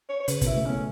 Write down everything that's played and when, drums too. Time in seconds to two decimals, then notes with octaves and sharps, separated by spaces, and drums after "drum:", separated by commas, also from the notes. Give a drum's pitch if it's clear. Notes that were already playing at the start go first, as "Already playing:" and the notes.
0.09 C#5
0.20 C#5
0.28 C#3 B4, drum: hi-hat
0.41 B2, drum: kick, hi-hat
0.47 E4
0.56 A3
0.66 B3 C#4